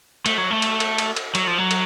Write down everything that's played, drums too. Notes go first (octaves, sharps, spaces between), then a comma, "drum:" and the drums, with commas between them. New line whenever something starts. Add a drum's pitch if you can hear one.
A3, drum: cymbal
F#3
A3
drum: cymbal
drum: cymbal
drum: cymbal
drum: cymbal
F#3, drum: cymbal
F3
F#3
drum: cymbal